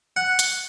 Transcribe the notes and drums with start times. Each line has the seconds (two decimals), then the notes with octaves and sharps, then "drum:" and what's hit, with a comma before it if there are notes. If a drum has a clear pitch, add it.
0.16 F#5
0.39 drum: hi-hat